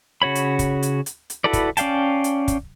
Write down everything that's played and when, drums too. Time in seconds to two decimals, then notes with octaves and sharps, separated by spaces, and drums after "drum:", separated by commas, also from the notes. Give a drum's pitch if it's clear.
0.22 C#3 F#4 C#5 B5
0.35 drum: hi-hat
0.59 drum: kick, hi-hat
0.83 drum: hi-hat
1.06 drum: hi-hat
1.30 drum: hi-hat
1.44 E4 F#4 A4 B4 D5
1.53 drum: kick, hi-hat
1.77 C#4 D5 F5 G5 A5, drum: hi-hat
2.24 drum: hi-hat
2.48 drum: kick, hi-hat